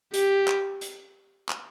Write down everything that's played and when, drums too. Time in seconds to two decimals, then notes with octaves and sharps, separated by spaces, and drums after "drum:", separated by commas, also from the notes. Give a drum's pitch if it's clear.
0.14 G4, drum: hi-hat
0.48 drum: clap
0.81 drum: hi-hat
1.49 drum: clap